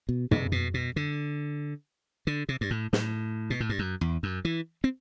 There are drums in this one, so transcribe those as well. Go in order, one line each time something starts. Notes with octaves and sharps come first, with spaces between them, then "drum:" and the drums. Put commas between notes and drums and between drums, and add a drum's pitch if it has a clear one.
B2
C3, drum: tom
B2
B2
D3
D3
C3
G2
A2
A2, drum: snare
B2
A2
G2
F#2
E2
F#2
E3
C4